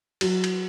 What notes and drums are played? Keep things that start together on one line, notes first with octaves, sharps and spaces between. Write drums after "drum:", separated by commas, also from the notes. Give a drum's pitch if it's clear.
F#3, drum: cymbal
drum: cymbal